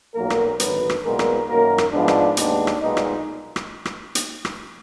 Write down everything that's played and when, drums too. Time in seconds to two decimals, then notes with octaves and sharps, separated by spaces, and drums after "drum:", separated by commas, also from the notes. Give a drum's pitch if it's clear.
0.15 B1 A#2 F#3 A#3 A#4
0.30 drum: rim click
0.60 G#1 F#2 D3 F#3 B4, drum: hi-hat
0.89 drum: rim click
1.04 B1 A#2 G#3 B3 A#4
1.19 drum: rim click
1.48 F#2 D#3 F#3 A#3 A#4
1.78 drum: rim click
1.92 G#2 F3 B3 D4
2.08 drum: rim click
2.37 D#2 D#3 G#3 B3 D4, drum: hi-hat
2.67 drum: rim click
2.82 B1 A#2 G#3 B3 D#4
2.97 drum: rim click
3.56 drum: rim click
3.85 drum: rim click
4.15 drum: hi-hat
4.45 drum: rim click